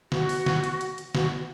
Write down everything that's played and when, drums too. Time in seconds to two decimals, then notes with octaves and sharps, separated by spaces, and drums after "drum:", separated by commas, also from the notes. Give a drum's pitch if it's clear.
0.12 F#4, drum: snare
0.29 drum: open hi-hat
0.46 drum: snare
0.64 drum: hi-hat
0.81 drum: hi-hat
0.98 drum: hi-hat
1.15 F#4, drum: snare